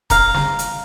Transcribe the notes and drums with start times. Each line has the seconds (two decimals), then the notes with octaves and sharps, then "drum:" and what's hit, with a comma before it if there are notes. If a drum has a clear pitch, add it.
0.10 F5 A#5, drum: kick D#1, hi-hat
0.34 drum: snare
0.59 drum: hi-hat